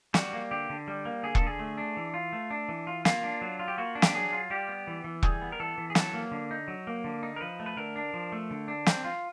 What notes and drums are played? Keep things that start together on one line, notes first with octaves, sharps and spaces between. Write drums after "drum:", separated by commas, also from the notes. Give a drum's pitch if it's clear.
G3 F#4, drum: snare
A#3
D3 G4
D3
G3
A#3
D3 G#4
A4, drum: kick E1
D3
G#4
A3
D4
E3
F4
A3
D4
E3
F4
A#3 F4, drum: snare
D4
F#3
F4
G4
A#3 F#4
D4
G4, drum: snare
F#3 G#4
F4
G3 G4
B3
E3
E3
G3 G#4, drum: kick E1
B3
A#4
E3 A4
E3
G#4
F#3 A4, drum: snare
A#3
D3
D#4
F#3
A#3
D3
D#4
A#4
F3 B4
A3
B4
D3 A#4
D4
F3
A3
D3
D4
C4, drum: snare
F4